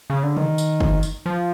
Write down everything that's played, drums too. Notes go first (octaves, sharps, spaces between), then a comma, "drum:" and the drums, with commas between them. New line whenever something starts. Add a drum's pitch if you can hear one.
C#3
D3
D#3, drum: tom
drum: tambourine
drum: kick
drum: tambourine
F3